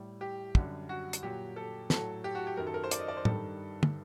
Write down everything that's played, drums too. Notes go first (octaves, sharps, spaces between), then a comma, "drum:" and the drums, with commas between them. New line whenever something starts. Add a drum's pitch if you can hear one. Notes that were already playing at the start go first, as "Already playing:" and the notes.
Already playing: A2 G3
G4
F#2 D3 G3, drum: kick
F#4
drum: hi-hat
A#2 F#3 G4
A4
A2 F#3 A4, drum: snare
G4
F#4
G4
F#2 D#3 F#3 A#4
A4
A#4
C5
D5, drum: hi-hat
D#5
D5
C5
G2 D#3 G3 A4, drum: tom
drum: tom